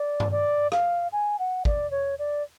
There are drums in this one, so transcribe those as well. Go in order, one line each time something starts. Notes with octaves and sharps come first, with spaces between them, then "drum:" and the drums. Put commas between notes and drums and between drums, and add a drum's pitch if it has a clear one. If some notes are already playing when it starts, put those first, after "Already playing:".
Already playing: D5
drum: tom G2
D5
F5, drum: rim click
G#5
F#5
D5, drum: kick
C#5
D5